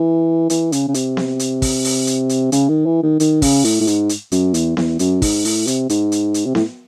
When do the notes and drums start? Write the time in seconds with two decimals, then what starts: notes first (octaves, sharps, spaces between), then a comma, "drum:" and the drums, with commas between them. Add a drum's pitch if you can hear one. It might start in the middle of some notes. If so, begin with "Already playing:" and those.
Already playing: E3
0.50 E3, drum: hi-hat
0.72 C#3, drum: hi-hat
0.88 C#3
0.94 C3, drum: hi-hat
1.17 drum: snare B3
1.39 drum: hi-hat
1.62 drum: kick, open hi-hat
1.84 drum: open hi-hat
2.07 drum: hi-hat
2.29 drum: hi-hat
2.52 C#3, drum: hi-hat
2.69 D#3
2.86 E3
3.03 D#3
3.20 D#3, drum: hi-hat
3.42 C#3, drum: kick, open hi-hat
3.64 A2, drum: open hi-hat
3.81 A2
3.87 G#2, drum: hi-hat
4.09 drum: hi-hat
4.32 F#2, drum: hi-hat
4.54 E2, drum: hi-hat
4.77 E2, drum: snare B3
4.99 F#2, drum: hi-hat
5.22 G#2, drum: kick, open hi-hat
5.45 A2, drum: open hi-hat
5.67 C3, drum: hi-hat
5.89 G#2, drum: hi-hat
6.12 drum: hi-hat
6.34 drum: hi-hat
6.46 C3
6.55 A2, drum: snare B3